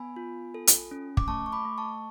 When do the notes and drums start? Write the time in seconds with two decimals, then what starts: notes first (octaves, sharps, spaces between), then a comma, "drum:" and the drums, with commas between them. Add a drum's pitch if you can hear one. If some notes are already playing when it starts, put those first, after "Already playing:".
Already playing: B3 G#5 B5
0.16 F4
0.54 A4
0.67 drum: hi-hat
0.91 C#4
1.17 D6, drum: kick
1.28 A3 A5 C#6
1.46 C#6
1.52 B5 D6
1.65 A3
1.78 A5 C#6